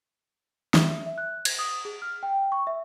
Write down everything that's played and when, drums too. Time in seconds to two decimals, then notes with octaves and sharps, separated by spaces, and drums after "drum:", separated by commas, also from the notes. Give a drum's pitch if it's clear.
0.74 E5, drum: snare
1.06 E5
1.18 F#6
1.45 G#6, drum: cymbal
1.59 D#6
1.85 G#4
2.02 F6
2.23 G5
2.52 C#6
2.67 E5